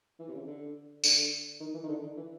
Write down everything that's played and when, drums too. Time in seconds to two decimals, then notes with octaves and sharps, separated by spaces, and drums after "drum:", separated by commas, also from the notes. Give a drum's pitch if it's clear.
0.19 E3
0.28 C3
0.33 C#3
0.47 D3
1.04 D3, drum: tambourine
1.60 D#3
1.73 E3
1.83 D#3
1.89 D3
2.03 D3
2.17 E3